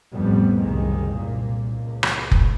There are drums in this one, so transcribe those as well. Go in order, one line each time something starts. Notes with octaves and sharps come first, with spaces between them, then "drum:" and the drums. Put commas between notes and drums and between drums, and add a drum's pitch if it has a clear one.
A1 F2 A2 G3 B3
F#1 C2 D#3 G#3
C2 A#2 A#3
C#2
drum: rim click
drum: kick F1